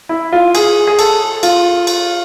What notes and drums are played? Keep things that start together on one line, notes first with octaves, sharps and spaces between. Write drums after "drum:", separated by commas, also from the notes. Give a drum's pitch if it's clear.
E4
F4
G#4, drum: cymbal
G#4
A4, drum: cymbal
F4, drum: cymbal
drum: cymbal